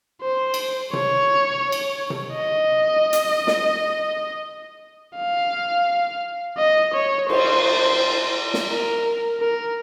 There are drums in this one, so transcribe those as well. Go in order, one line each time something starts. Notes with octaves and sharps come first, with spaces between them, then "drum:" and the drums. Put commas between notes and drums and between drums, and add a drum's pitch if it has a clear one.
C5
drum: cymbal
C#5, drum: tom C3
drum: cymbal
drum: tom C3
D#5
drum: hi-hat
drum: snare
F5
D#5
C#5
C5, drum: cymbal
drum: snare
A#4
A#4